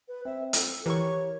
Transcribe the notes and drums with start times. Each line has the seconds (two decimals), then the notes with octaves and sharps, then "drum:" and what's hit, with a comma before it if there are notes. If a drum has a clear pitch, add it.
0.08 B4
0.25 C4 E5
0.53 A4, drum: hi-hat
0.86 E3 G4 A#4 C#5 C#6